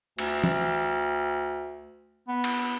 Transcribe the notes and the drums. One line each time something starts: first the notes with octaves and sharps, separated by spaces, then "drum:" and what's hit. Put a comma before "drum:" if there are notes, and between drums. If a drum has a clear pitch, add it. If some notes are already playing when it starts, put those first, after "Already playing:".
D2, drum: cymbal
drum: tom E3
B3
drum: cymbal